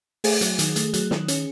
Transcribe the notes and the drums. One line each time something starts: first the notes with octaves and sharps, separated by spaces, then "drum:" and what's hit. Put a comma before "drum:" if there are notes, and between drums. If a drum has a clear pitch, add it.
A3 G#4, drum: open hi-hat
F#3, drum: hi-hat
D#3, drum: hi-hat
A3, drum: hi-hat
F#3, drum: hi-hat
D#3, drum: snare
C#4, drum: hi-hat